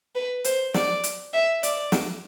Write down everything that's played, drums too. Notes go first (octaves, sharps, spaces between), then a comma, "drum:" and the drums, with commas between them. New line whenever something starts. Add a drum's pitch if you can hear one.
B4
C5, drum: hi-hat
D5, drum: snare
drum: hi-hat
E5
D5, drum: hi-hat
drum: snare